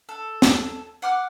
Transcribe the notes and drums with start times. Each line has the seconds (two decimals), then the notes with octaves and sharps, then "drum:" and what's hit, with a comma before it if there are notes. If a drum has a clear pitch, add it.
0.09 A4
0.42 drum: snare
1.02 F#5 D6 F6